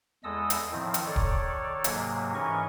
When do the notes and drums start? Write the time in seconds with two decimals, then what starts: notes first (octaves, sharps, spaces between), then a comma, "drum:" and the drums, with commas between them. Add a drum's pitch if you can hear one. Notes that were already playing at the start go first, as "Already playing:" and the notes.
0.24 E2 G#3 A4 D#5 D#6 E6
0.50 drum: hi-hat
0.72 A2 D#3 F3 C4
0.94 drum: hi-hat
1.06 D#3 A4 C#5 D5
1.16 drum: kick
1.84 G#2 C3 F#3 A#3, drum: hi-hat
2.35 G#2 E3 C#4 A#4 D#5 C#6